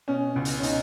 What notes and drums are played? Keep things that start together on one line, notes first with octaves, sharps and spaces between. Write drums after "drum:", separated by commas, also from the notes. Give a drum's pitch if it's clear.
B2 C#4
C#2
drum: hi-hat
C#4
B2 D#4, drum: hi-hat